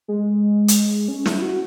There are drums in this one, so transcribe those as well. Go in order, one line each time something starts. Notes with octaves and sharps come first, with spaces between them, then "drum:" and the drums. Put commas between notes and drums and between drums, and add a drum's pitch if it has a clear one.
G#3
drum: hi-hat
C#4
E4, drum: snare
F#4